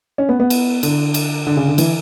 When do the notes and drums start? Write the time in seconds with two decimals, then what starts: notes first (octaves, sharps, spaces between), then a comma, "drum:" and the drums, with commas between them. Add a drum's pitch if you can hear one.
0.18 C#4
0.29 B3
0.40 B3
0.50 drum: cymbal
0.83 D3, drum: cymbal
1.14 drum: cymbal
1.47 D3
1.57 C#3
1.68 D3
1.78 E3, drum: cymbal